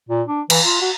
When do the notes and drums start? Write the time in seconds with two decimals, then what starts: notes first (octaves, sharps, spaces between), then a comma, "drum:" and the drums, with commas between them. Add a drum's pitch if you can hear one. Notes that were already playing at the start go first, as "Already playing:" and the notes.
0.09 A#2
0.28 D4
0.50 E3, drum: cymbal
0.66 F4
0.81 F#4